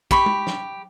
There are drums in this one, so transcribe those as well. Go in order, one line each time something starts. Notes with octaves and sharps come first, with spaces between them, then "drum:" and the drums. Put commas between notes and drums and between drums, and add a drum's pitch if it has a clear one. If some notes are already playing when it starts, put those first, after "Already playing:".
G4 B5 C#6, drum: kick
drum: tom
drum: snare